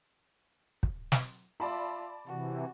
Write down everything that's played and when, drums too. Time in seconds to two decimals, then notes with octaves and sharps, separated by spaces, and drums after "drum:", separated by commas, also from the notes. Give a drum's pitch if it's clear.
0.83 drum: kick
1.12 drum: snare
1.60 F4 D5 E5 A5 B5
2.27 C3 E3 F#4